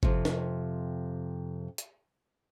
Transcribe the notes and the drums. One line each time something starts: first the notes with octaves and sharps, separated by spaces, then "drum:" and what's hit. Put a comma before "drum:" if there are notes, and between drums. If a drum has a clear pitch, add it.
F2 C3, drum: kick G1
drum: snare
drum: hi-hat